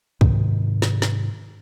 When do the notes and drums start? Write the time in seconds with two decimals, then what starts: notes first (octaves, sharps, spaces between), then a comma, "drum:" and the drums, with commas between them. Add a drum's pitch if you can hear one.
0.21 G#2 C3 D#3, drum: kick
0.82 drum: snare
1.02 drum: snare